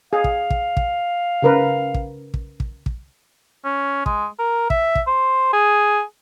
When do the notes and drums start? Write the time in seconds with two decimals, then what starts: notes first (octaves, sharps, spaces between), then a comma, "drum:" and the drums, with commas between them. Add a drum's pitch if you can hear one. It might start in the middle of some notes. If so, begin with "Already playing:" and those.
0.13 G#4 F5
0.24 drum: kick
0.50 drum: kick
0.77 drum: kick
1.42 C#3 A#4 B4
1.94 drum: kick
2.34 drum: kick
2.60 drum: kick
2.86 drum: kick
3.65 C#4
4.06 G#3, drum: kick
4.39 A#4
4.70 E5, drum: kick
4.95 drum: kick
5.07 C5
5.53 G#4